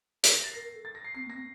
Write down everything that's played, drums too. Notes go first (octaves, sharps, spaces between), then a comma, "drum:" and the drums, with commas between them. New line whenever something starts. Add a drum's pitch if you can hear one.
A#4 C7, drum: hi-hat
A#6
A6
A#4 A#6
A#4
A4
A6
A#6
C7
C4 C7
A#3
C4 A#6